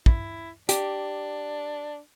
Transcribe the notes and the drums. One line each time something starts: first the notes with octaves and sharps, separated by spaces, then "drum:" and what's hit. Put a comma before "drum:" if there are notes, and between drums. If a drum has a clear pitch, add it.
E4, drum: kick
D4 G4, drum: hi-hat